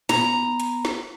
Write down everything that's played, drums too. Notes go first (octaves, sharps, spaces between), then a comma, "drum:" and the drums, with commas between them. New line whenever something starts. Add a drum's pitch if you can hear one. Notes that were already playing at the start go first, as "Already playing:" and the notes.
B3 A#5, drum: snare
drum: hi-hat
drum: snare